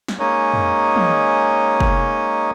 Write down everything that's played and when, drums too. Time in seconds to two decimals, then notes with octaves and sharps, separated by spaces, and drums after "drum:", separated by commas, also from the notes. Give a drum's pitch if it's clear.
0.08 drum: snare
0.19 G#3 A#3 C#4 D#4 C#5 D#5
0.54 drum: tom
0.96 drum: tom
1.80 drum: kick